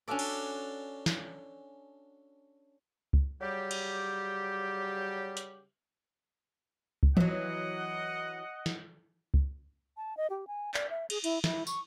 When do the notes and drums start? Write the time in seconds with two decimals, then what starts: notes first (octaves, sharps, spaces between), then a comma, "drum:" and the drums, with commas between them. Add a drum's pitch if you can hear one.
0.08 C#4 D4 F#4 A4 D5
0.19 drum: cymbal
1.06 drum: snare
3.13 drum: kick C#2
3.41 C#3 F#3 G3 G4
3.71 drum: cymbal
5.37 drum: hi-hat
7.03 drum: kick C#2
7.17 E3 F#3 D#5 F#5, drum: tom E3
8.66 drum: snare
9.34 drum: kick C#2
9.96 A5
10.17 D#5
10.30 G4
10.47 G#5
10.74 D5, drum: clap
10.90 E5
11.10 G#4, drum: cymbal
11.24 E4, drum: cymbal
11.44 E4, drum: snare
11.67 C#6, drum: tambourine